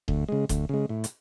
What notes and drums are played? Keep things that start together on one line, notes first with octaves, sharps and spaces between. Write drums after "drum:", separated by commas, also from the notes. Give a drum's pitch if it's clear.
D2, drum: kick D#1
C#3 G#3
D2, drum: kick D#1, hi-hat
C#3 G#3
A2
drum: hi-hat